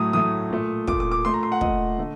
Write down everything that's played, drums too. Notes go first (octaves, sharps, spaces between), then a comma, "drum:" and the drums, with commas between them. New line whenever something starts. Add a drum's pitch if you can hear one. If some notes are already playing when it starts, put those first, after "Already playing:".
Already playing: A2 F#3 A3 D#6
A2 F#3 A3 D#6
A#2 A3
A#2 A3 D6, drum: kick
D6
D6
A#2 A3 C6
A#5
C6
F#5
A#2 A3 D#5, drum: kick
D3 A3